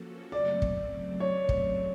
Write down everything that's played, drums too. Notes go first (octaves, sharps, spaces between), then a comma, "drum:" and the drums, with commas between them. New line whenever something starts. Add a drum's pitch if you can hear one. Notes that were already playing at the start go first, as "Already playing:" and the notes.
Already playing: F3 A#3 C#4 F#4 A4
F#2 C#3 F#3 A3 C4 D5
drum: kick
C#5
drum: kick